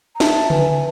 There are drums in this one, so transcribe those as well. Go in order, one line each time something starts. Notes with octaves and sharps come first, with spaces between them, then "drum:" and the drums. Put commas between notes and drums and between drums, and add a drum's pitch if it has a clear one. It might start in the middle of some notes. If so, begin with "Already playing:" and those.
A#5
E5 A5, drum: snare
B4 G#5, drum: tom C#3